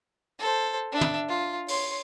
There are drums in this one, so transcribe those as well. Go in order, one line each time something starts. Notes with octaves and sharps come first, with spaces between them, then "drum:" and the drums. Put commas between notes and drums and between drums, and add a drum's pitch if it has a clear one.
A4 C5
D4 E5
drum: tom
F4
C#5 C6, drum: open hi-hat